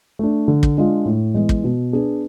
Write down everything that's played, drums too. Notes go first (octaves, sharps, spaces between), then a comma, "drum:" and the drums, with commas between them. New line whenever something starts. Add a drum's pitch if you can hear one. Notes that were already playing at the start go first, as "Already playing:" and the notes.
A3 D4
D3
drum: kick
G#3 D4 F4
A2
E3 G#3 B3
drum: kick
B2
B3 D4 G#4